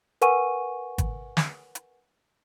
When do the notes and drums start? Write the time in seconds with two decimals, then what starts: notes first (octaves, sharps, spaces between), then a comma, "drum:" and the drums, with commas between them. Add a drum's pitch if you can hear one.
0.21 A#4 B4 F#5 G#5 C#6 D#7, drum: hi-hat
0.98 drum: kick G#1, hi-hat
1.37 drum: snare
1.75 drum: hi-hat